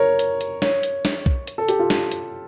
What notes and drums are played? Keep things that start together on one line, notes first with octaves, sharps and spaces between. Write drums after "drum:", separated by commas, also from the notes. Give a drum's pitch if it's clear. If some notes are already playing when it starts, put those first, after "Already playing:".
Already playing: A#4 C#5
drum: hi-hat
drum: hi-hat
C#5, drum: snare
drum: hi-hat
drum: snare
drum: kick B1
drum: hi-hat
A4
G4, drum: hi-hat
F4
drum: snare
drum: hi-hat